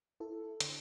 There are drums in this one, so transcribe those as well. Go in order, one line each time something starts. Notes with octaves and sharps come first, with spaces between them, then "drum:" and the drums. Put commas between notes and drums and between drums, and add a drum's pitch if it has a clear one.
E4 A4
D3, drum: hi-hat